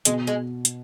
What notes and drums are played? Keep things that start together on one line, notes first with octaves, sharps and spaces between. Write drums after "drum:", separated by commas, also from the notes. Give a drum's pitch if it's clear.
B2 G#3, drum: hi-hat
G#3
drum: hi-hat